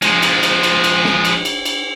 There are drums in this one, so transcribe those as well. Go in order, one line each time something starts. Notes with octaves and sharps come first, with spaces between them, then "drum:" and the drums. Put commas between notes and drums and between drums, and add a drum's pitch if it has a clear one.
F3 G#3, drum: cymbal
drum: cymbal
drum: cymbal
drum: cymbal
drum: cymbal
drum: snare
drum: cymbal
drum: cymbal
drum: cymbal